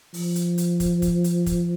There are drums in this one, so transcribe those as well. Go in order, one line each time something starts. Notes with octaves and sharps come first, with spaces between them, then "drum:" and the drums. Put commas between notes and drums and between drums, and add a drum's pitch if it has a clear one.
F3, drum: open hi-hat
drum: hi-hat
drum: hi-hat
drum: kick, hi-hat
drum: kick, hi-hat
drum: hi-hat
drum: kick, hi-hat